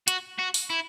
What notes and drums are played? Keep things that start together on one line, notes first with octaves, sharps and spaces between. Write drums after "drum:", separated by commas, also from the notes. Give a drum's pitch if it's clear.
F#4, drum: hi-hat
F#4
drum: open hi-hat
E4